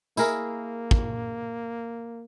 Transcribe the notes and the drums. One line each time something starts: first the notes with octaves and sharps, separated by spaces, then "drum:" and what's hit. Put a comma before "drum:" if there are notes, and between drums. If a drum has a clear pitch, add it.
A#3 E4 G#4 A#4, drum: tambourine
drum: kick